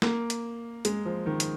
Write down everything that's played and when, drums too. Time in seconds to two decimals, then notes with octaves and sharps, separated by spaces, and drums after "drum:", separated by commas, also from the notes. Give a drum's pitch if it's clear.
0.02 A#3, drum: snare
0.30 drum: hi-hat
0.85 G#3, drum: hi-hat
1.06 F3
1.26 D#3
1.40 drum: hi-hat